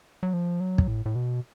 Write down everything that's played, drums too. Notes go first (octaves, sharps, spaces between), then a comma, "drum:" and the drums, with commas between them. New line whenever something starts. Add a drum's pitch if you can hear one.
F#3
F3
F#3
drum: kick
A2
A2
B2